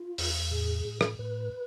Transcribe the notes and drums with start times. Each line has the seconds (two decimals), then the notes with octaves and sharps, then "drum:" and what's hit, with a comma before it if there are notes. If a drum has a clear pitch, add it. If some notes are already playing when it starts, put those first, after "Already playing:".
Already playing: F4
0.18 E2, drum: open hi-hat
0.51 A2 G#4
0.85 A2
1.01 drum: rim click
1.19 A2 B4